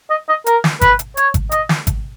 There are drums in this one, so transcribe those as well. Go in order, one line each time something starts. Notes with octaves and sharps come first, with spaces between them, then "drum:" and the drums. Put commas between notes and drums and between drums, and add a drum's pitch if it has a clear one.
D#5
D#5
A#4, drum: hi-hat
drum: snare
B4, drum: kick G#1, hi-hat
drum: hi-hat
C#5, drum: hi-hat
drum: kick G#1, hi-hat
D#5, drum: hi-hat
drum: snare
drum: kick G#1, hi-hat